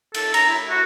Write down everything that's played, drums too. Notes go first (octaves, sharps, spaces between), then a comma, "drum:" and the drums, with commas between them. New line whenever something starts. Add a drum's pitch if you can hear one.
A4, drum: cymbal
A#5, drum: cymbal
E4
F#4